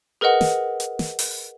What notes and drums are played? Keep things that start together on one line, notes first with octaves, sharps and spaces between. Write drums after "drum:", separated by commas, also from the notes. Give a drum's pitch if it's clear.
G#4 A#4 B4 D#5 F#5
drum: snare
drum: hi-hat
drum: snare
drum: open hi-hat